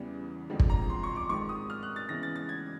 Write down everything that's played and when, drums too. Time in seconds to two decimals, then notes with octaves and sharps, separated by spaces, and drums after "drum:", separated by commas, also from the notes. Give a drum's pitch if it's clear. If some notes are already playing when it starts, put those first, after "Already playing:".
Already playing: E2 C#3 E3 G3 B3
0.50 F2 D3 F3 G#3 C4
0.60 drum: kick
0.70 A#5
0.90 C6
1.03 C#6
1.16 D6
1.29 G#2 D#3 G#3 C4 F4 C#6
1.49 D#6
1.70 F6
1.83 F#6
1.96 A6
2.09 C#3 E3 G#3 B3 A#6
2.23 A6
2.36 A6
2.49 G#6